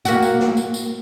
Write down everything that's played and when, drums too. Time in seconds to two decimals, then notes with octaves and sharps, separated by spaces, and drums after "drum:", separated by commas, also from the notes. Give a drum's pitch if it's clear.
0.05 A#3 F#4, drum: tambourine
0.22 drum: tambourine
0.40 drum: snare
0.57 drum: tambourine
0.74 drum: tambourine